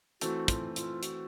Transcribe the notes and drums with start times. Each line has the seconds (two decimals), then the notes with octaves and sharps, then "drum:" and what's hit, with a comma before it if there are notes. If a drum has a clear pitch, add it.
0.21 E3 A3 C4 F#4, drum: hi-hat
0.48 F4, drum: kick, hi-hat
0.76 F4, drum: hi-hat
1.03 F#4, drum: hi-hat